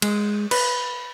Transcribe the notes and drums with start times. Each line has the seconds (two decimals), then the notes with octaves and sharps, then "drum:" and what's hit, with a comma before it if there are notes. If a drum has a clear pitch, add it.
0.02 G#3, drum: cymbal
0.51 B4, drum: cymbal